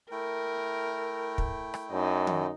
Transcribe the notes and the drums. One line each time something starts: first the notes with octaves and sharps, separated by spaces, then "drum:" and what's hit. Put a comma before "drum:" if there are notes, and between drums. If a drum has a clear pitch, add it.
A3 E4 A#4 G5
drum: kick
drum: rim click
F#2 D#4
drum: tom